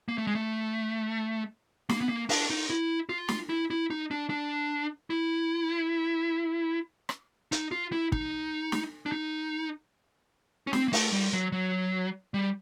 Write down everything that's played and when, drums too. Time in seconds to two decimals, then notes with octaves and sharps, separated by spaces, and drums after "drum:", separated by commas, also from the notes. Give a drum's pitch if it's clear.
0.08 A#3
0.18 A3
0.27 G#3
0.35 A3
1.89 A#3, drum: snare
2.01 B3
2.09 A#3
2.29 D4, drum: open hi-hat
2.50 D#4
2.70 E4
3.09 F4
3.28 drum: snare
3.49 E4
3.70 E4
3.90 D#4
4.11 D4
4.30 D4
5.10 E4
7.09 drum: rim click
7.52 D#4, drum: hi-hat
7.71 F4
7.92 E4
8.12 D#4, drum: kick
8.72 drum: snare
9.06 D4
9.12 D#4
10.67 C#4
10.73 C4, drum: snare
10.88 A#3
10.93 A3, drum: open hi-hat
11.12 G3
11.33 F#3
11.52 F#3
12.34 G3